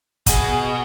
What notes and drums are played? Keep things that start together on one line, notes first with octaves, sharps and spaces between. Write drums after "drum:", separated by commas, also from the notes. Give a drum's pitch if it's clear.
B2 G#4, drum: kick, hi-hat